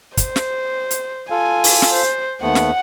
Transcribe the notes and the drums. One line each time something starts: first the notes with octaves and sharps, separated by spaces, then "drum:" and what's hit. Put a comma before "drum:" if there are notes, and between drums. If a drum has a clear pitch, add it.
C5, drum: kick, hi-hat
drum: snare
drum: hi-hat
F4 A4 F5 G#5
drum: open hi-hat
drum: snare
C5
D#2 A3 B3 F#5
drum: snare